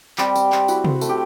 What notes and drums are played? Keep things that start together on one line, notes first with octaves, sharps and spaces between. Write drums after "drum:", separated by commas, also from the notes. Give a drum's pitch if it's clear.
G3 C4 G4, drum: clap
C4, drum: tambourine
C4, drum: clap
E4 F#4, drum: tambourine
C4, drum: tom C3
A3, drum: tambourine
G4